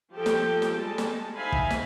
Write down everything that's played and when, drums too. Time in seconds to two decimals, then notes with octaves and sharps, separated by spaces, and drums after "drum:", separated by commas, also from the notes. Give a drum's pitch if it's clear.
0.15 F3 G4 A4 G5
0.26 drum: snare
0.62 drum: snare
0.75 G3 G#3 A5
0.98 drum: snare
1.34 D#4 C5 E5 F5 G#5 B5
1.52 drum: kick
1.70 drum: snare